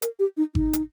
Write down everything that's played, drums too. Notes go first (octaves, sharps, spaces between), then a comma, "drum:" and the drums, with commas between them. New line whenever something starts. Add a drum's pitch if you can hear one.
A#4, drum: hi-hat
G4
D#4
D#4, drum: kick G#1
drum: hi-hat